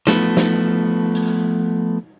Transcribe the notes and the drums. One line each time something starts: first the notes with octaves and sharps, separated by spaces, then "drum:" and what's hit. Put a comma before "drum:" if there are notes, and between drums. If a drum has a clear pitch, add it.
F3 A3 B3, drum: snare
drum: snare
drum: hi-hat